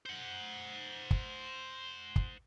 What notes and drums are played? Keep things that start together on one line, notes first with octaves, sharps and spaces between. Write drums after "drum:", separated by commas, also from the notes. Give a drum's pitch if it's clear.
C5 F#5
drum: kick
drum: kick